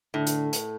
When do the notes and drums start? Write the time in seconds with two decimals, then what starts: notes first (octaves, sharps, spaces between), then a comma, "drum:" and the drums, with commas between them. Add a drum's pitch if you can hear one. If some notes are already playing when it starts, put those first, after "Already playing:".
0.14 A2 D3
0.27 drum: hi-hat
0.53 drum: hi-hat